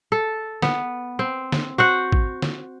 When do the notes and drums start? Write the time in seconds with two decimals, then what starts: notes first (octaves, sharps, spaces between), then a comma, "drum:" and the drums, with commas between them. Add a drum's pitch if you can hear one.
0.12 A4
0.62 B3, drum: snare
1.19 C4
1.52 drum: snare
1.78 F#4 C5 F#5
2.12 drum: kick A1
2.42 drum: snare